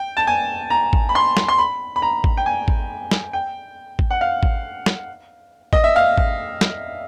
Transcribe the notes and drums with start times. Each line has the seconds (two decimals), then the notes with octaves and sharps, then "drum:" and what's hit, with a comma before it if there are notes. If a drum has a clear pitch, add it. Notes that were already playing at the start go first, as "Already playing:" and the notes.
Already playing: G5
0.17 A5
0.27 G#5
0.70 A#5
0.93 drum: kick G#1
1.09 B5
1.15 C6
1.37 drum: snare
1.48 C6
1.58 B5
1.96 B5
2.02 A#5
2.24 drum: kick G#1
2.37 G5
2.46 G#5
2.68 drum: kick G#1
3.11 drum: snare
3.33 G5
3.99 drum: kick G#1
4.11 F#5
4.21 F5
4.43 drum: kick G#1
4.86 drum: snare
5.73 D#5, drum: kick G#1
5.84 E5
5.96 F5
6.18 drum: kick G#1
6.61 drum: snare